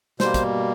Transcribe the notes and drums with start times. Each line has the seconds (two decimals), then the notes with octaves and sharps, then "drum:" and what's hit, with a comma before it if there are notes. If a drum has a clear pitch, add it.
0.20 B2 G3 A#3 C5, drum: snare
0.34 drum: kick, hi-hat